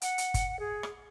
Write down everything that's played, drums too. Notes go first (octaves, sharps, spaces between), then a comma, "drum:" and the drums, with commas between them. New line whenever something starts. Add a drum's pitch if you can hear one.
F#5, drum: hi-hat
drum: hi-hat
drum: kick, hi-hat
G#4
drum: rim click